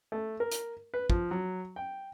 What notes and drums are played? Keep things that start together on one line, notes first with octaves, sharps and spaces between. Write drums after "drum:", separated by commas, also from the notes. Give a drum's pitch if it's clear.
A3
A#4
drum: hi-hat
B4
F3, drum: kick
F#3
G5